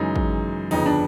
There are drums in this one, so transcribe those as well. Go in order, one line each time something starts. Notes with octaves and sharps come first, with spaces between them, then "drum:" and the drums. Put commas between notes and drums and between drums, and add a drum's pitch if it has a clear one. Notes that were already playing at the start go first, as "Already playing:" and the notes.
Already playing: F#2 C#3 E3 G#3 D#4
drum: kick
G1 F2 C#3 D#4, drum: cymbal
D4